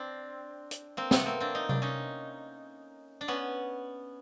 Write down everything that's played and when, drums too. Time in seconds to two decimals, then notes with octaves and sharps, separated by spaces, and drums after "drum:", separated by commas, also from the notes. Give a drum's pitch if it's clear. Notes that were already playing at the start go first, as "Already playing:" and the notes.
Already playing: C4 D4
0.71 drum: hi-hat
0.97 A#3 C4
1.11 A3 B3, drum: snare
1.25 A#3 C4
1.40 C4 D4
1.55 D#4
1.69 D4, drum: tom C3
1.82 C#4 D#4
3.21 D4
3.28 B3 C#4